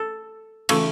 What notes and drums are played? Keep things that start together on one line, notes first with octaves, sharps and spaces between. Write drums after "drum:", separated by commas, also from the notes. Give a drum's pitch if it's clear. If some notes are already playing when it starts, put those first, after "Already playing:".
Already playing: A4
C#3 E3 A3, drum: cymbal